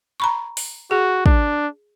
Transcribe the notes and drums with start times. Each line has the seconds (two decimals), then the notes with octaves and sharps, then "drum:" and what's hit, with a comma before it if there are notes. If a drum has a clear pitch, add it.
0.20 A#5 B5 C#6
0.57 drum: open hi-hat
0.91 F#4 G#4
1.26 D4, drum: kick